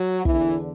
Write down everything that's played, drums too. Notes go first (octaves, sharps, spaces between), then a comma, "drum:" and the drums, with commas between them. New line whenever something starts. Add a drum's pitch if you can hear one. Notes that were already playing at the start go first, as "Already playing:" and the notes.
Already playing: F#3
E2 D3 E3, drum: kick